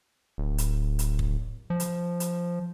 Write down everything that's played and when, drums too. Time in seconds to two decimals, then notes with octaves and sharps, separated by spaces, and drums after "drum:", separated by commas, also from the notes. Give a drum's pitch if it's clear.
0.38 D1
0.58 drum: hi-hat
0.99 drum: hi-hat
1.19 drum: kick
1.70 F3
1.80 drum: hi-hat
2.20 drum: hi-hat